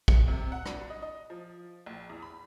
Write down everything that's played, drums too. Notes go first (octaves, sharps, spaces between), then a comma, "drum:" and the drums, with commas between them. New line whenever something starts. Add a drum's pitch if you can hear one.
C#7, drum: kick
C3
F#5
D4, drum: rim click
D#5
D#5
F3
A#1
E2
B5